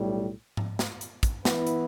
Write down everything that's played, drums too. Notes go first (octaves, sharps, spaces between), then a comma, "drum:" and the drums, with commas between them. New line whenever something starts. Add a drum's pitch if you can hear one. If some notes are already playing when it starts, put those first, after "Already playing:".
Already playing: B1 A2 G3
drum: tom G#2
drum: snare
drum: hi-hat
drum: kick, hi-hat
E3 B3 E4 B4, drum: snare
drum: hi-hat